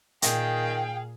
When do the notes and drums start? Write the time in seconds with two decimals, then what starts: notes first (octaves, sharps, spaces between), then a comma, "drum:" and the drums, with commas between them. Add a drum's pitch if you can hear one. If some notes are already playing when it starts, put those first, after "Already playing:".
0.22 A#2 D#3 G#4 F5 G5, drum: hi-hat